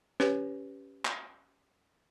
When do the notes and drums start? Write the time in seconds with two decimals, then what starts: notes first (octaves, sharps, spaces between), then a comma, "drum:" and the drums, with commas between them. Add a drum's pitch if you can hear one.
0.20 C#4 G4 B4 C#5, drum: snare
1.05 drum: clap